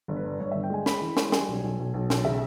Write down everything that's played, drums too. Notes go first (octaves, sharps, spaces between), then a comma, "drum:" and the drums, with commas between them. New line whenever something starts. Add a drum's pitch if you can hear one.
G1
B4
G2
G2 C#5
E5
G1
G5
G#3 G#5
G#3 B5, drum: snare
E3
G#3, drum: snare
G3 G#5, drum: snare
B1
B1
B1
B1
B1, drum: snare
C#3 E5